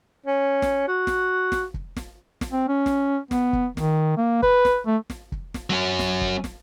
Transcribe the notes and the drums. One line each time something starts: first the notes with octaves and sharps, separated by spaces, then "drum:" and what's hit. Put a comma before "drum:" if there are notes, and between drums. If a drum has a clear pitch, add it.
C#4
drum: snare
F#4
drum: snare
drum: snare
drum: kick
drum: snare
drum: snare
C4
C#4
drum: snare
B3, drum: snare
drum: kick
D#3, drum: snare
A#3
B4, drum: kick
drum: snare
A3
drum: snare
drum: kick
drum: snare
F#3 C#4
drum: snare
drum: kick
drum: snare